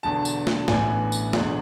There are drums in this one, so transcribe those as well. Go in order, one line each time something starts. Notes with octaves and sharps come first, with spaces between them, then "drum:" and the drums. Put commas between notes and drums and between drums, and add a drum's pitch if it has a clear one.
E1 E2 D3 A5
drum: tambourine
drum: snare
A1 A2 E3 B3 D4 G#5, drum: snare
drum: tambourine
E1 E2 D3 G#3 D4, drum: snare